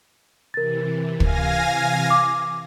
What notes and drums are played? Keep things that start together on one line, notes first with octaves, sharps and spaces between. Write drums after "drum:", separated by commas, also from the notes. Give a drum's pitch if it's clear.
C3 E3 A#4 A6
F5 G#5 A#6, drum: kick
D6